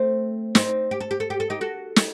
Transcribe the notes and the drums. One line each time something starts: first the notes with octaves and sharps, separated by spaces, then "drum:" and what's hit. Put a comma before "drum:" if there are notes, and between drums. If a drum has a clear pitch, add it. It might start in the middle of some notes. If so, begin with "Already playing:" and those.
Already playing: A3 C4
C4 D#4, drum: snare
G4
A4
G4
A4
G4
A4
D#4 G4
F#4 A4
drum: snare